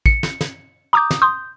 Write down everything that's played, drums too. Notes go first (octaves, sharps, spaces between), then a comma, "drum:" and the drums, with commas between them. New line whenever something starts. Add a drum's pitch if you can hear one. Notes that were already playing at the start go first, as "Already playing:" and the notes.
C#7, drum: kick
drum: snare
drum: snare
A#5 D6 D#6 G6
drum: snare
C6 D#6 G6